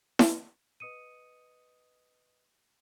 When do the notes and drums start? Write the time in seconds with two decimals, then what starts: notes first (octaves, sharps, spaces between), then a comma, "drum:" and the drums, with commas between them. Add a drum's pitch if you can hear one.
0.19 drum: snare E4
0.80 B4 D#5 D#6 C#7 D#7